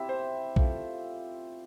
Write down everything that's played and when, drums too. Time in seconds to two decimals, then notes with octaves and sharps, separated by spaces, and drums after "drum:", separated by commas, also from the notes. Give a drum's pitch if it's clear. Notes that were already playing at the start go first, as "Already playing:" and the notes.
Already playing: C4 E4 G4 E5
0.09 C5
0.56 A3 C4 F4 A4, drum: kick B1